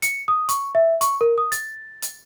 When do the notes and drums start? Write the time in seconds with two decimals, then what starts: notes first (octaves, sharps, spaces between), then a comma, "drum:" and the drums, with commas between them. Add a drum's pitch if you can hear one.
0.02 C#7, drum: hi-hat
0.28 D#6
0.49 C#6, drum: hi-hat
0.75 E5
1.01 C#6, drum: hi-hat
1.21 A#4
1.38 D#6
1.52 A6, drum: hi-hat
2.02 drum: hi-hat